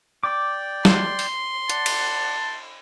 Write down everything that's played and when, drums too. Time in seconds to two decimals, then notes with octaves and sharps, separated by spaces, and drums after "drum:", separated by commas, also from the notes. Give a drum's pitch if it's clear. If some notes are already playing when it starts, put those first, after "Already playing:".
0.23 D5 G5 D6
0.85 C6, drum: snare
1.19 drum: open hi-hat
1.70 D5 F#5 A5, drum: hi-hat
1.86 drum: cymbal